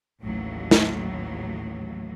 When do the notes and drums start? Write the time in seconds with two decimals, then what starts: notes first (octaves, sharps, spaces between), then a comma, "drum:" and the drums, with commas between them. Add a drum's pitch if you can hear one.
0.21 A1 D#2 A2 F#3
0.71 drum: snare